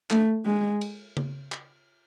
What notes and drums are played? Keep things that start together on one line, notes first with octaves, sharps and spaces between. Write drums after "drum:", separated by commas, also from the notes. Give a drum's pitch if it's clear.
A3, drum: clap
G#3
drum: cymbal
drum: tom C#3
drum: clap